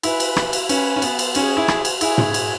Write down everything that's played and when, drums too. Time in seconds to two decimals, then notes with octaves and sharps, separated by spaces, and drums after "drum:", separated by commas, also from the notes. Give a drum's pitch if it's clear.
0.03 E4 B4 G#5 B5, drum: cymbal
0.20 drum: cymbal
0.36 drum: rim click
0.53 drum: cymbal
0.69 C#4 B4 G#5 B5, drum: cymbal
0.96 C#4
1.02 B3, drum: cymbal
1.19 drum: cymbal
1.35 C#4 G#4 C#5 G#5, drum: cymbal
1.57 E4
1.68 drum: rim click
1.85 drum: cymbal
2.01 E4 G#4 C#5 G#5, drum: cymbal
2.18 drum: tom
2.34 drum: cymbal